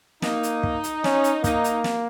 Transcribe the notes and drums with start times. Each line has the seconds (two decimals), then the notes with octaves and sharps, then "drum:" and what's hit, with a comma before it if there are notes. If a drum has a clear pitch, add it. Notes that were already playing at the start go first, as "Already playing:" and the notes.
0.22 A#3 D#4, drum: snare
0.43 drum: hi-hat
0.63 drum: kick
0.84 drum: hi-hat
1.04 C#4, drum: snare
1.24 drum: hi-hat
1.44 A#3 D#4, drum: kick, hi-hat
1.64 drum: hi-hat
1.84 drum: snare